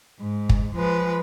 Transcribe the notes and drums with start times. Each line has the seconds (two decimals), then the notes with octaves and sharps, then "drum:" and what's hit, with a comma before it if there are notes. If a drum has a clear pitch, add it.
0.20 G#2
0.49 drum: kick
0.74 F3 G#3 B4